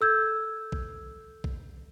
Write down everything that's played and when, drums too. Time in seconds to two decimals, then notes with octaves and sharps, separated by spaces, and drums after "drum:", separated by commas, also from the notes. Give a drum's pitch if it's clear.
0.01 A4 E6 G6 G#6
0.72 drum: kick A#1
1.44 drum: kick A#1